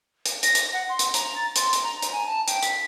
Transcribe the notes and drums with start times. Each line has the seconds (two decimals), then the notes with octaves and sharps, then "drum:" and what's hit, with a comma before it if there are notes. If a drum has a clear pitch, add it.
0.26 drum: hi-hat
0.43 A#6, drum: hi-hat
0.55 drum: hi-hat
0.73 F#5
0.89 C6
0.99 drum: hi-hat
1.14 A#5, drum: hi-hat
1.36 A6
1.56 C6, drum: hi-hat
1.73 drum: hi-hat
1.84 A#5
2.02 drum: hi-hat
2.12 G#5
2.26 A5
2.48 G5, drum: hi-hat
2.63 B6, drum: hi-hat